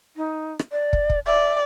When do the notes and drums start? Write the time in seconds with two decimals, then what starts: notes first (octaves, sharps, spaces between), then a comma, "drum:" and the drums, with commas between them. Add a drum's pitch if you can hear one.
0.17 D#4
0.59 drum: rim click
0.72 D5
0.93 drum: kick
1.10 drum: kick
1.26 D5 E5